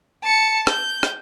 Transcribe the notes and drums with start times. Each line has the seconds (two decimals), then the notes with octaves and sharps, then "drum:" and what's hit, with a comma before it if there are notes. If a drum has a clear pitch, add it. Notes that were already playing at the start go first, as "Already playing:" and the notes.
0.23 A5 C#7
0.67 G6, drum: rim click
1.03 drum: rim click